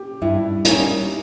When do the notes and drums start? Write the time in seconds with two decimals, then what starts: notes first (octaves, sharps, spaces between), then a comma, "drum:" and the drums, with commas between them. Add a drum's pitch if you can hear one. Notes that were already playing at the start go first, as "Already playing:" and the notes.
Already playing: G4
0.22 G2 E4
0.65 G3 A#3 C#4 D#4, drum: hi-hat